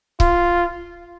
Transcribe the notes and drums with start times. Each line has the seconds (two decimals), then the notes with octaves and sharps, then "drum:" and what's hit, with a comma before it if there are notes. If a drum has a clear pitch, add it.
0.20 F4, drum: kick C#1